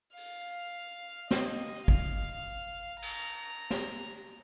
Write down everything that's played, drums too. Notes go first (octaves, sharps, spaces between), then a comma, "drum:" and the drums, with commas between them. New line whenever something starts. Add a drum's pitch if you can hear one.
F5, drum: open hi-hat
D#5, drum: snare
F5, drum: kick G#1
A#5, drum: cymbal
drum: snare